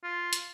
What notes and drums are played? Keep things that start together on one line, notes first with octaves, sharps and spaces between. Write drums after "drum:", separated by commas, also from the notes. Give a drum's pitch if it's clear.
F4
drum: hi-hat